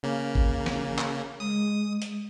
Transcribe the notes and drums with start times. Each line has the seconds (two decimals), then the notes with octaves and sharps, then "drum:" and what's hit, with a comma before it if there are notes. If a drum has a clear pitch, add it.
0.03 C#3 A#3
0.35 drum: kick G#1
0.66 drum: snare
0.98 drum: clap
1.40 G#3 D#6
2.02 drum: hi-hat